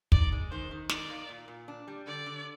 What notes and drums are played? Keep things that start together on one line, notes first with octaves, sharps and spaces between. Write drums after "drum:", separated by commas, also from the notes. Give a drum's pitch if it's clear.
D#4 D5, drum: kick
G#3
D#3 C5
D#3
D#4 D5, drum: snare
A#3
A#2
A#2
D4
G3
D3 D5
D3